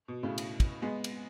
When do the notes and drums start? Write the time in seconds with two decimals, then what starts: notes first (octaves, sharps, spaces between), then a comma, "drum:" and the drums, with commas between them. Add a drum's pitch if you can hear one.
0.08 B2
0.23 A2 C#3
0.38 drum: cymbal
0.60 drum: kick, cymbal
0.82 G#3 B3
1.04 drum: cymbal